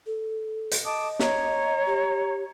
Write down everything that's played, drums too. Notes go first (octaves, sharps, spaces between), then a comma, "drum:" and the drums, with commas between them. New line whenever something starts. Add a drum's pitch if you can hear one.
A4
drum: hi-hat
D#5 A5 D6 D#6
C#5 A#5, drum: snare
G4